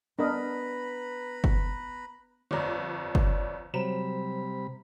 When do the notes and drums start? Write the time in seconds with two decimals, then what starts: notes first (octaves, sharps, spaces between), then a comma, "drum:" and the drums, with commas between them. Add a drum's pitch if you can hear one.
0.19 B3 D4 A#4 B4 D#5 A#5 B5
1.44 drum: kick
2.51 G1 F2 C#5 D5 A#5
3.15 drum: kick
3.74 C3 F#3 G3 C5 A#5 B5 E7